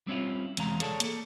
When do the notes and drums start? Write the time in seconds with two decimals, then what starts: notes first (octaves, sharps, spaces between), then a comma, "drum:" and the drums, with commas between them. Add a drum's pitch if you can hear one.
0.07 G3 C4 C#4 E4 F4
0.57 E2 C3 E3 G#3 F5 A#5, drum: hi-hat
0.80 G#4 A4 C#5 D5 A5, drum: hi-hat
1.00 A#3 A4, drum: hi-hat